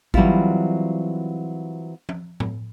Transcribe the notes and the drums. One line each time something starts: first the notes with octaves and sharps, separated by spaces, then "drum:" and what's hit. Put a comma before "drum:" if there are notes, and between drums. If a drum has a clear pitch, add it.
E3 F#3 G3 C4 E4 F4, drum: kick A1
drum: tom F3
drum: tom A2